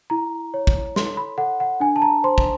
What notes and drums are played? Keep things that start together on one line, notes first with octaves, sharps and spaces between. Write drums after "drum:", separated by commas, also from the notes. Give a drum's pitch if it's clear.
E4 A#5
C#5
drum: kick
A4 C6, drum: snare
B5
A4 F#5
F#5
D4 G#5
A5
A#5
C5 C6
drum: kick